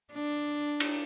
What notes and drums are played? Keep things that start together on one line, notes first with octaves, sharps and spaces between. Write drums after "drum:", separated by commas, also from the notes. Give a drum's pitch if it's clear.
D4
drum: cymbal